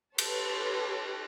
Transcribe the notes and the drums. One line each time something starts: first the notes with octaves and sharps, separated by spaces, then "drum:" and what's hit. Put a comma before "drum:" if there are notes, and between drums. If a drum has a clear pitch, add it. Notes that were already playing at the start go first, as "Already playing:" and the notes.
G4 A4 B4 C#5 A5 C6, drum: cymbal